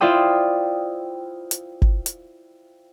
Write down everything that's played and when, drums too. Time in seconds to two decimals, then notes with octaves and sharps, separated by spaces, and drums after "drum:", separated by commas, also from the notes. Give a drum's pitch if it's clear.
0.01 E4 F4 C5 D5 G5 D#6
1.51 drum: hi-hat
1.82 drum: kick G1
2.06 drum: hi-hat